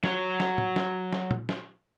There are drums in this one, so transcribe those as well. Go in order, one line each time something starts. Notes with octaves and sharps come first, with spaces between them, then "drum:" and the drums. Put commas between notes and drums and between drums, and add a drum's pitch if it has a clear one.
F#3 C#5, drum: snare
drum: snare
drum: tom
drum: snare
drum: snare
drum: tom
drum: snare